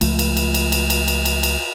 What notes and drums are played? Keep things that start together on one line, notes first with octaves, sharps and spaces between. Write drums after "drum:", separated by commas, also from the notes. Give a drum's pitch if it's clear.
C#2 F3 A3, drum: cymbal
drum: cymbal
drum: cymbal
drum: cymbal
drum: cymbal
drum: cymbal
drum: cymbal
drum: cymbal
drum: cymbal